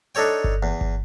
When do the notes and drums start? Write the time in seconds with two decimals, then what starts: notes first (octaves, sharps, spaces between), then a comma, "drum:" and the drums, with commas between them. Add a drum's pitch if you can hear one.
0.15 D4 D#4 A4 C#5 G5
0.44 drum: kick G1
0.63 E2
0.81 drum: kick G1